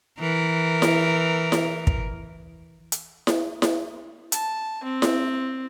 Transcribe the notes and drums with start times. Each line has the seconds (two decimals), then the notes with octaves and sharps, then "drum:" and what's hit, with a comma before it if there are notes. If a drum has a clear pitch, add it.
0.20 E3 A#4
0.82 drum: snare E4
1.52 drum: snare E4
1.87 drum: kick
2.92 drum: hi-hat
3.27 drum: snare E4
3.62 drum: snare E4
4.32 A5, drum: hi-hat
4.83 C4
5.02 drum: snare E4